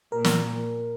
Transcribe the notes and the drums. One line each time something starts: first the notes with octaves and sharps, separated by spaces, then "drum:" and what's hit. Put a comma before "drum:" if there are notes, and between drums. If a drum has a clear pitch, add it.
A#2 A#4
drum: snare